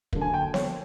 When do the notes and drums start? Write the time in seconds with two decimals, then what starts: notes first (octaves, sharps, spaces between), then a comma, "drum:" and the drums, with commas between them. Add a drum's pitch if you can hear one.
0.13 D3 F#3 A#3, drum: kick
0.21 G#5
0.34 G5
0.54 C#5, drum: snare B3